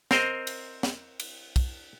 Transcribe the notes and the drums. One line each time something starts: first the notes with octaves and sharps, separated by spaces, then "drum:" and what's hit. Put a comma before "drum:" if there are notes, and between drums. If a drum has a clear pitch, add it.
C4 A#4 C5 D#5, drum: snare
drum: cymbal
drum: snare
drum: cymbal
drum: kick, cymbal